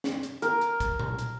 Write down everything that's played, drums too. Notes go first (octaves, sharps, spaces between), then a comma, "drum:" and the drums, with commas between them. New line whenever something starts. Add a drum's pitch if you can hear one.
drum: snare
drum: hi-hat
A#4, drum: hi-hat
drum: hi-hat
drum: kick, hi-hat
drum: tom A#2
drum: hi-hat